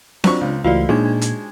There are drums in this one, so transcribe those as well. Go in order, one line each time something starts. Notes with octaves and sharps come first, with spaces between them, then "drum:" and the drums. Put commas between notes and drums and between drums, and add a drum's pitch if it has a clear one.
F#3 D4 F4 C5 C#6, drum: snare C4
C#2
C#2 E3 A3 F4 F#4 D5 F5
A#2 G#3 D4 D#4 G#6
drum: hi-hat